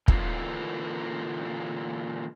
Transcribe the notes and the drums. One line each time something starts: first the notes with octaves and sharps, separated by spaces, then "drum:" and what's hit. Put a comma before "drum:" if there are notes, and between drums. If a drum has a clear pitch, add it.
A#2 D3 E3 A#3 D#4 F4, drum: kick